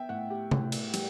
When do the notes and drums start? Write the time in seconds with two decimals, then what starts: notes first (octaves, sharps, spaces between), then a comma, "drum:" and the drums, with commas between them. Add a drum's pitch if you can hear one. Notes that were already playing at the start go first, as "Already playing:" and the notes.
Already playing: B3 E5 G5
0.09 A2 F#5
0.30 G4
0.51 A2, drum: tom C3
0.72 drum: cymbal
0.94 G3, drum: cymbal